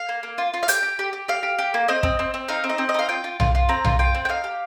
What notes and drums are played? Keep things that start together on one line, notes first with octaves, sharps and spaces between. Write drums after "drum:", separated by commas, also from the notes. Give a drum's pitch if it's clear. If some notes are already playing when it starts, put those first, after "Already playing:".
Already playing: F5
A#3
A#3
F4
F4
F5
G4 G5, drum: hi-hat
G4
G4
G4
G4 F5
G4
G4
A#3
C4 D#5
C4, drum: kick
C4
C4
D#4 F5
C4
D#5
C4
D#5
D#4 F5
F4 G5
F4
F4, drum: tom B1
F4
C4 A#5
F4, drum: tom B1
F4 G5
C4
G5
D#4 F5
G4